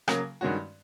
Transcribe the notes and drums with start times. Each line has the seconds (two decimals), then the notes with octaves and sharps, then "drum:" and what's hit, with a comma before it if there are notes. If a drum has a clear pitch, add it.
0.08 C#3 F#3 A#3, drum: rim click
0.41 G2 D#3 G#3 C#4 F#4